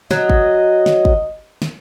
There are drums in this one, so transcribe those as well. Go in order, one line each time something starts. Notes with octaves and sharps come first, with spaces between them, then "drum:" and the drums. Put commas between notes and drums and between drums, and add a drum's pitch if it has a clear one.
F#3 D#5, drum: snare
drum: kick
drum: snare
drum: kick
drum: snare